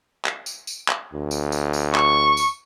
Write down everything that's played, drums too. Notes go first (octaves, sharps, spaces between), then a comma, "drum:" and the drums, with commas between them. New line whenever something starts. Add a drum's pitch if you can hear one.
drum: clap
drum: tambourine
drum: tambourine
drum: clap
D2
drum: tambourine
drum: tambourine
drum: tambourine
C#6, drum: clap
drum: tambourine